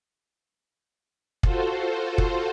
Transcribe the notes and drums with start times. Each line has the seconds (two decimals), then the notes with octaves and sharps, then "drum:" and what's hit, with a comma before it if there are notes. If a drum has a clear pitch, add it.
1.43 F4 F#4 A4 C5, drum: kick
2.18 drum: kick